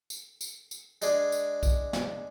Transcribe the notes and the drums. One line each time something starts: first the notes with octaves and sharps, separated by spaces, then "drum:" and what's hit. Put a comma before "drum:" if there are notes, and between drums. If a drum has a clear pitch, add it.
drum: tambourine
drum: tambourine
drum: tambourine
G#3 D4 G#4, drum: tambourine
drum: tambourine
drum: kick B1, tambourine
drum: snare